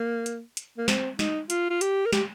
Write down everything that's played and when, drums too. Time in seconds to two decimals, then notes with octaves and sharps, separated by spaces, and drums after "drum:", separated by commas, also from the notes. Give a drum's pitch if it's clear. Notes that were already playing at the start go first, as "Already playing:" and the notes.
Already playing: A#3
0.26 drum: hi-hat
0.57 drum: hi-hat
0.78 A#3
0.88 C4, drum: snare
1.19 D#4, drum: snare
1.50 F4, drum: hi-hat
1.70 F4
1.81 G4, drum: hi-hat
2.06 A#4
2.12 G4, drum: snare